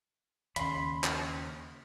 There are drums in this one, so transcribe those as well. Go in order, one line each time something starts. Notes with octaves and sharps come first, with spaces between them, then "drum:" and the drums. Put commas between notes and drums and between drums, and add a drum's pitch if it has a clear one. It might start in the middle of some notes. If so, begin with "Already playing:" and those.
D#2 C#3 B5 C6, drum: hi-hat
drum: clap